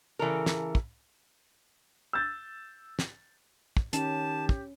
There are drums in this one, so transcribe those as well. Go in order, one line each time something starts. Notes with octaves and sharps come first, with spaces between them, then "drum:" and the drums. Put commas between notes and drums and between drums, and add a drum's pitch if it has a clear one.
C#3 E3 A4 A#4
drum: snare
drum: kick
E6 G6 A6
drum: snare
drum: kick
D#3 C#4 G4 A5, drum: hi-hat
drum: kick